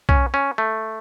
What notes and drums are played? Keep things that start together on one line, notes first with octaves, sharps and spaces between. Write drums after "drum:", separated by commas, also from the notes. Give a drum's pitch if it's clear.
C#4, drum: kick
C#4
A3